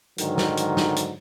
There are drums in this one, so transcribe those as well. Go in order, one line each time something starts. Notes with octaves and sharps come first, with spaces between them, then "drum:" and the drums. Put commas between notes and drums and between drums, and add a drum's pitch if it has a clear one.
G#2 D3 D#3 F#3, drum: hi-hat
drum: snare
drum: hi-hat
drum: snare
drum: hi-hat